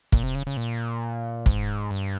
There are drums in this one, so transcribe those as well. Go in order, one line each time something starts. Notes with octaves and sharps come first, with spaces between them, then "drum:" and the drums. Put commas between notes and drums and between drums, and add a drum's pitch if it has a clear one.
A#2, drum: kick
C3
C#3
C#3
A#2
G#2, drum: kick
G2